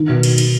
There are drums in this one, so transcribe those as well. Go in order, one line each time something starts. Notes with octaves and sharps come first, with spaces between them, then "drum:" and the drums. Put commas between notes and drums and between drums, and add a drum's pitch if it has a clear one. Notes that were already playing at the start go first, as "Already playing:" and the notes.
Already playing: D#3
B2
drum: cymbal
drum: cymbal